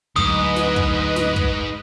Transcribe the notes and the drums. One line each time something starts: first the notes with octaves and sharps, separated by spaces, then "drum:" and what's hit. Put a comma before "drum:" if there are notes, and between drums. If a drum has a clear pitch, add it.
D2 G#2 F#3 B4 D#5 D#6, drum: kick
drum: snare
drum: kick
drum: snare
drum: kick